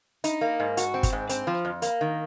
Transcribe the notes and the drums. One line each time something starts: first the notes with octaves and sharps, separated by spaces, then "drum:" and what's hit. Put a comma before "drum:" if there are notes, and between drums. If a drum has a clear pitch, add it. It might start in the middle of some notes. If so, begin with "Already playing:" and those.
D#4, drum: hi-hat
A#3
G#2
F#4, drum: hi-hat
C4
drum: kick G1, hi-hat
G#2
C4, drum: hi-hat
F3
F2
A#3, drum: hi-hat
D#3